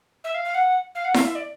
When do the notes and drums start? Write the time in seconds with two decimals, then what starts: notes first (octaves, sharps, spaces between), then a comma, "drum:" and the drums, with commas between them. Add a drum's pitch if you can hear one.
0.24 E5
0.34 F5
0.45 F5
0.54 F#5
0.95 F5
1.04 F#5
1.14 F5, drum: snare E4
1.25 E5
1.35 D5